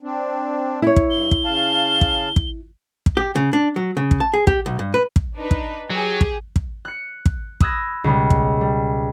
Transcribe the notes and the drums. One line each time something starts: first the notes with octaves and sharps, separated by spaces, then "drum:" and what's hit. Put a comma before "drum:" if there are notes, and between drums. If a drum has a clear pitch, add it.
C4 D4
E4 C#5
drum: kick
G2 G7
drum: kick
C#3 F5 A5
drum: kick
drum: kick
drum: kick
G4
C#3
D4
F#3
C#3
drum: kick
A5
G#4
G4, drum: kick
B1
G2
B4
drum: kick
D4 D#4 B4
drum: kick
F#3 G4 G#4
drum: kick
drum: kick
F#6 C#7
drum: kick
B5 D#6 E6 F#6 G#6 A#6, drum: kick
C#2 B2 G3 G#3
drum: kick
G3